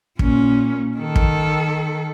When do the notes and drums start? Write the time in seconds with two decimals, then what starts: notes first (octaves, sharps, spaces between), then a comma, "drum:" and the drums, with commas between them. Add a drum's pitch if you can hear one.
0.19 A#2 C#4, drum: kick
0.97 D#3 A4
1.16 drum: kick